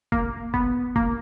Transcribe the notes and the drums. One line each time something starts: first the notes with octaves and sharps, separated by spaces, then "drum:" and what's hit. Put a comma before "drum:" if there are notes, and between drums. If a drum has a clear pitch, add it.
A#3, drum: kick
B3, drum: kick
A#3, drum: kick